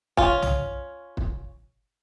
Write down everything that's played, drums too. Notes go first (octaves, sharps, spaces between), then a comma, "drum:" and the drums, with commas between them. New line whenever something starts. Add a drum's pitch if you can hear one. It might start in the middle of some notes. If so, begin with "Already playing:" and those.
C#4 F4, drum: kick
drum: tom
drum: kick